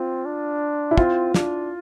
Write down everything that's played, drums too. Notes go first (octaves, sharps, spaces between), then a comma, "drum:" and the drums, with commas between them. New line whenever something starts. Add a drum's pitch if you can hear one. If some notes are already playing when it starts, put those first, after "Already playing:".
Already playing: C4 F4
D4
E4
C4 F4, drum: kick
D4, drum: snare